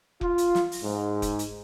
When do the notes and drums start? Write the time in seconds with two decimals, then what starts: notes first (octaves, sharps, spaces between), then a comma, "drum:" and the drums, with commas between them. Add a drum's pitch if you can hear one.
0.21 F4, drum: kick F1
0.38 drum: hi-hat
0.55 drum: snare
0.72 drum: open hi-hat
0.83 G#2
1.22 drum: kick F1, hi-hat
1.39 drum: hi-hat